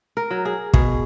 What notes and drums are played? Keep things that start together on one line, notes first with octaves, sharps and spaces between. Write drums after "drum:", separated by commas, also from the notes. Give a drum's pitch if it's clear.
A#4
F#3
G#4
B2 G#4, drum: kick